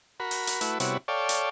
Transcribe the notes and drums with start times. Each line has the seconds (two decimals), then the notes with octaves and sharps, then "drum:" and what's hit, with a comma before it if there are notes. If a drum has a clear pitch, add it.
0.20 F#4 A#4 B5
0.31 drum: open hi-hat
0.47 drum: hi-hat
0.61 A3 E4 F#4 B4, drum: hi-hat
0.80 C3 G3 B3 E4 F#4 C#5, drum: hi-hat
1.08 A4 C#5 D5 F5 G5
1.29 drum: hi-hat